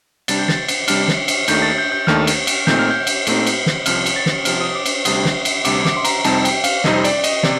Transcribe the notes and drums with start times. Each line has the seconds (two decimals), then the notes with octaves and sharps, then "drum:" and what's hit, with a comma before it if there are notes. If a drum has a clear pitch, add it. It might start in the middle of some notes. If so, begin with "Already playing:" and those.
0.28 C3 G3 D4 A6, drum: cymbal
0.39 G6
0.49 A6, drum: snare
0.68 drum: cymbal
0.88 C3 G3 D4 F6, drum: cymbal
1.08 drum: snare
1.28 drum: cymbal
1.48 D#2 D#3 A3 D4 G6, drum: cymbal
1.62 A6
1.78 G6
1.92 G6
2.07 D#2 D#3 A3 D4 F6, drum: snare
2.27 drum: cymbal
2.47 drum: cymbal
2.67 A#2 A3 C4 D#4 G6, drum: snare
2.79 F6
2.91 G6
3.07 drum: cymbal
3.27 A#2 A3 C4 D#4, drum: cymbal
3.46 drum: cymbal
3.66 drum: snare
3.86 C2 C3 F3 F6, drum: cymbal
4.06 drum: cymbal
4.16 A6
4.26 drum: snare
4.45 C2 C3 F3 F6, drum: cymbal
4.61 D#6
4.75 D6
4.86 drum: cymbal
5.05 D2 C3 G3 D4 D#6, drum: cymbal
5.25 drum: snare
5.45 drum: cymbal
5.65 D2 C3 G3 D4 D6, drum: cymbal
5.85 D6, drum: snare
5.97 C6
6.05 A#5, drum: cymbal
6.24 F2 C3 G3 C4 D#4 A5, drum: cymbal
6.45 G5, drum: cymbal
6.64 F5, drum: cymbal
6.84 F2 C3 G3 C4 D#4 D#5, drum: snare
7.04 D5, drum: cymbal
7.24 D#5, drum: cymbal
7.43 C3 D5, drum: snare